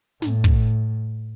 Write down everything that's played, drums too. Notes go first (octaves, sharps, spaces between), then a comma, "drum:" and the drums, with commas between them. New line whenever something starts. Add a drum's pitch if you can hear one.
A2, drum: snare
drum: kick